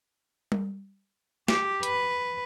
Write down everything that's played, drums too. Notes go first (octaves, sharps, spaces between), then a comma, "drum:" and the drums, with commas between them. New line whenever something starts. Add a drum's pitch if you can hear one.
drum: tom G3
G4, drum: snare
B4, drum: hi-hat